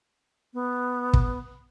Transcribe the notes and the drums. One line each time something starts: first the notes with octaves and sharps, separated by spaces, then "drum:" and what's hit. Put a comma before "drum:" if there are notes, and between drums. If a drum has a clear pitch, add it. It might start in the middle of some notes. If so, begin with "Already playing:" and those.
B3
drum: kick